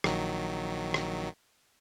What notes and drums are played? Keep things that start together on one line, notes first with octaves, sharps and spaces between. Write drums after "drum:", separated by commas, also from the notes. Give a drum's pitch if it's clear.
A#1 D#3 F#3, drum: rim click
drum: rim click